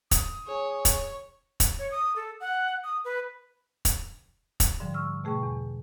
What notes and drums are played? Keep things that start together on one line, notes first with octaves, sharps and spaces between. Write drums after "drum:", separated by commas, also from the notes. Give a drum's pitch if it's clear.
D#6, drum: kick, hi-hat
G#4 C#5
drum: kick, hi-hat
drum: kick, hi-hat
C#5
D#6
A4
F#5
D#6
B4
drum: kick, hi-hat
drum: kick, hi-hat
G#2 D3 F3 G3
C#6 E6 F6
B2 A3 G#4 G5 C#6
E2